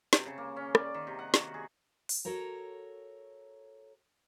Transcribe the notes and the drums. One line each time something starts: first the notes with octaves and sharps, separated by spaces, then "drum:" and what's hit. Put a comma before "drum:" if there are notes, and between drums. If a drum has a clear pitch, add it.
C3, drum: snare
C#3
A#3
C#4
D5, drum: rim click
D#3
C3
F#5
F#4, drum: snare
G#4
drum: open hi-hat
F#4 A4 A#4 C#5 A#5